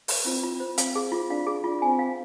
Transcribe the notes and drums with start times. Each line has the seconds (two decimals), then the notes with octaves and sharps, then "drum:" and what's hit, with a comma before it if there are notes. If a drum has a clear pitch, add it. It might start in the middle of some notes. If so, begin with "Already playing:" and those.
0.08 C5, drum: open hi-hat
0.25 C4 F4
0.43 F4
0.60 C5
0.78 C4 F5, drum: hi-hat
0.95 G#4
1.12 F4
1.30 D4 F5
1.47 G#4
1.64 F4
1.81 C4 G#5
1.99 F5